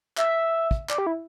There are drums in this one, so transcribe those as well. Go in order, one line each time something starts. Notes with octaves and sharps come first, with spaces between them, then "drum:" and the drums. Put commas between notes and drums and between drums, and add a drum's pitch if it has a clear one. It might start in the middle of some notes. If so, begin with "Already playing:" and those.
E5, drum: clap
drum: kick
D5, drum: clap
G4
E4